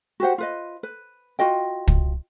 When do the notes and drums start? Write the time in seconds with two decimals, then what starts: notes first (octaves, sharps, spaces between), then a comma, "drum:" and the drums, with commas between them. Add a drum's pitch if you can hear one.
0.20 F#4 G4 C5 F#5
0.38 F4 B4 D#5
0.83 B4
1.39 F4 F#4 D#5 G5
1.88 drum: kick